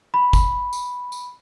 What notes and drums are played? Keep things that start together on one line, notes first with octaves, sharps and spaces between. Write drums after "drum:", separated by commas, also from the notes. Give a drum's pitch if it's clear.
B5
drum: kick, tambourine
drum: tambourine
drum: tambourine